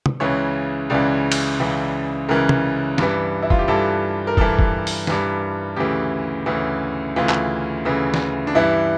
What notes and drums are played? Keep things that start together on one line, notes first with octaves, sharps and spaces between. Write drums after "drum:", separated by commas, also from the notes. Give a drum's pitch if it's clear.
drum: tom
C#2 C#3 E3 C#5
C#2 C#3 E3 D5
drum: cymbal
C#2 C#3 E3
C#2 C#3 E3 A#4
drum: tom
G2 E3, drum: snare
E4
F4, drum: kick
G4
G2 E3 A4
A#4
G2 E3 A4, drum: kick
drum: kick
drum: open hi-hat
G2 E3, drum: snare
D2 C#3 E3 G4
D2 C#3 E3
D2 C#3 E3 F4
drum: clap
D2 C#3 E3
drum: snare
D4
G2 E3 E4